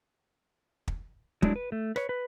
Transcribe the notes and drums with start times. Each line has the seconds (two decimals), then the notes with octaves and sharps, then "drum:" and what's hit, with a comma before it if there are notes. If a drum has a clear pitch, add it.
0.88 drum: kick
1.42 F#3 G#3 A3 C4 D4 E4, drum: kick
1.56 B4
1.72 A3
1.96 B4 C#5, drum: rim click
2.09 B4